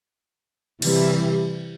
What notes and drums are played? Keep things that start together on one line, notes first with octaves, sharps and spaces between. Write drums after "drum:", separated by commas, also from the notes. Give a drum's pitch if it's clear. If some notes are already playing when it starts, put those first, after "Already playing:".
C3 E3 G3, drum: cymbal